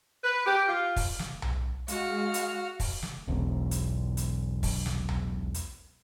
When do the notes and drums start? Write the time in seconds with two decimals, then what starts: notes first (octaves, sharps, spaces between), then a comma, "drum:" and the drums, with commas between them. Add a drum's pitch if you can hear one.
0.24 B4
0.46 G4
0.68 F4
0.96 drum: kick, open hi-hat
1.19 drum: snare
1.42 drum: tom B1
1.88 G#3 F#4 F5 F6, drum: hi-hat
2.34 drum: hi-hat
2.80 drum: kick, open hi-hat
3.03 drum: snare
3.28 E1 B1
3.71 drum: hi-hat
4.17 drum: hi-hat
4.63 drum: kick, open hi-hat
4.86 drum: snare
5.09 drum: tom B1
5.54 drum: hi-hat